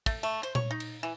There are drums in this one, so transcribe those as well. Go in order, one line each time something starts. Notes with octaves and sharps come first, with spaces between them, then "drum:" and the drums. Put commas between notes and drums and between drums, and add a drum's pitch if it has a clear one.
A3, drum: kick, cymbal
A3
C5
C#5, drum: tom A#2
D#4
drum: cymbal
E3